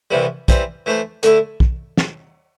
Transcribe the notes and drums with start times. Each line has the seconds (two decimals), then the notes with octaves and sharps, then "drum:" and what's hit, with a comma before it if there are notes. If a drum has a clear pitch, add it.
0.11 C2 C3 E3 G3
0.48 E3 G3 C4, drum: kick, hi-hat
0.86 E3 A3 D4 C5
1.23 D3 A3 E4 A4, drum: hi-hat
1.60 drum: kick
1.98 drum: snare